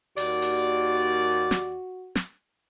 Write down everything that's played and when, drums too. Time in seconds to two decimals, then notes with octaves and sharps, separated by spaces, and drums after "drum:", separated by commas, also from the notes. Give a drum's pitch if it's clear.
0.17 D#2 F#4 D5, drum: open hi-hat
0.42 drum: open hi-hat
1.51 drum: snare
2.15 drum: snare